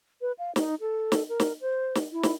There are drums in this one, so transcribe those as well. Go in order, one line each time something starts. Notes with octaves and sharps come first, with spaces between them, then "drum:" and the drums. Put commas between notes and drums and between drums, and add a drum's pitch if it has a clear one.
B4
F5
D#4, drum: snare
A4
drum: snare
A#4
drum: snare
C5
drum: snare
E4
drum: snare